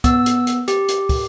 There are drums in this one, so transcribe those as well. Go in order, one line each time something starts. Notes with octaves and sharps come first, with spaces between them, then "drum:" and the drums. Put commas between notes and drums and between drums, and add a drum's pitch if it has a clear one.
B3 E6, drum: kick, hi-hat
drum: hi-hat
drum: hi-hat
G4, drum: hi-hat
drum: hi-hat
drum: kick, open hi-hat